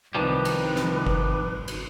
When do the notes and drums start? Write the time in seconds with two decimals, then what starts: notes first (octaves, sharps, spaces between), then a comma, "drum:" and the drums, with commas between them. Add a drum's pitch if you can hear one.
0.15 C2 D#3 F3 G3 B4
0.45 drum: cymbal
0.76 drum: snare
1.07 drum: kick G1
1.68 drum: cymbal